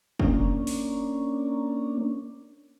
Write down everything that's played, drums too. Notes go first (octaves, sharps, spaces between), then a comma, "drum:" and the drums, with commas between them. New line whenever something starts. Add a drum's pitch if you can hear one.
A#3 C#4 D4, drum: kick
drum: open hi-hat